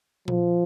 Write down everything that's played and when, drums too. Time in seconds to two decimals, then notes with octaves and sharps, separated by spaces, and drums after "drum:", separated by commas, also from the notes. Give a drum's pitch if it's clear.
0.28 F3, drum: tom A#2